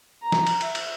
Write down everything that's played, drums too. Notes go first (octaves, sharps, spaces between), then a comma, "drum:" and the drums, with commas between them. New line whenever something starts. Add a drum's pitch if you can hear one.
A#5
drum: snare
drum: cymbal
E5, drum: cymbal
drum: cymbal